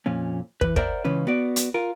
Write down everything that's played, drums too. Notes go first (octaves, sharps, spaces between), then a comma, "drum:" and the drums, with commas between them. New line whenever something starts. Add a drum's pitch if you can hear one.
F2 A#2 C#4
E3 B4, drum: kick
A#4 C5 D5 E5 F#5 A#5, drum: kick
C#2 C#3 E3 C#4 B4
B3 F#4 D5
drum: hi-hat
F4 A#4